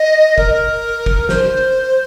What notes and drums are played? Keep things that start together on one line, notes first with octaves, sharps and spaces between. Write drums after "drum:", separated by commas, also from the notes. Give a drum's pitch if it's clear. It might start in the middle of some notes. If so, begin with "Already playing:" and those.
Already playing: D#5
A#4, drum: kick
drum: kick
C5, drum: snare